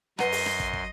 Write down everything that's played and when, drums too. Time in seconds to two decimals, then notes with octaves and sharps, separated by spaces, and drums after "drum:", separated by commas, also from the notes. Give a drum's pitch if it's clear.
0.19 F#2 B4 D#5 F#5 A#5 C6, drum: rim click
0.32 drum: open hi-hat
0.46 drum: rim click
0.60 drum: kick
0.73 drum: kick